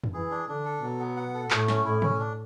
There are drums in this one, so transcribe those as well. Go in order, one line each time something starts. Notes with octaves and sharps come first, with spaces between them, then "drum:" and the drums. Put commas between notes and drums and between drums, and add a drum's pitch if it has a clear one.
drum: tom F2
E3 G#4
D4
D3 D4
A4
B2 F#3
B3
F#5
A4
A2 A3, drum: clap
C#4, drum: snare
A2 E4
C#4, drum: tom
D4